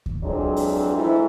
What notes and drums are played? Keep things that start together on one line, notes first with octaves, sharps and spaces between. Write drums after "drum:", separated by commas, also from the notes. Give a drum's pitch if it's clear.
drum: kick D2
F2 E3 F#3 G#3 C4 D4
drum: open hi-hat
G#2 A3 E4